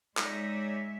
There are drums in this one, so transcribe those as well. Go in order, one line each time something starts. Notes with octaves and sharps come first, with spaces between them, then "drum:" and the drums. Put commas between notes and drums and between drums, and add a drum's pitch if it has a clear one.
G#3 D#4 C#5 D5 E5, drum: clap